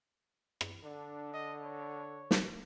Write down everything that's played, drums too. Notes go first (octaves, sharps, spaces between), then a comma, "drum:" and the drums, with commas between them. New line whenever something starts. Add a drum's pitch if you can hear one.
drum: rim click
D3 D4
D#5
C#5
drum: snare